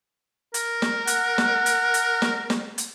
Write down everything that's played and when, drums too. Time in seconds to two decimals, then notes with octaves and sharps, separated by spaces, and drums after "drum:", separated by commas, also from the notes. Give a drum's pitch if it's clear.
0.54 A#4, drum: hi-hat
0.82 drum: snare
1.07 F#5, drum: hi-hat
1.38 drum: snare
1.66 drum: hi-hat
1.94 drum: hi-hat
2.22 drum: snare
2.50 drum: snare
2.78 drum: hi-hat